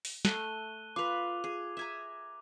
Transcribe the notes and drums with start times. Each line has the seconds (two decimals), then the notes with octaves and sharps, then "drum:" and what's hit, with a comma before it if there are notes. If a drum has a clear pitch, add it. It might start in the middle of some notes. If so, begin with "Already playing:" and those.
0.05 drum: open hi-hat
0.25 A3 F#6 D#7 G7, drum: snare
0.96 F4 B4 D6 F7
1.44 G#4
1.77 E5 G#5 A#5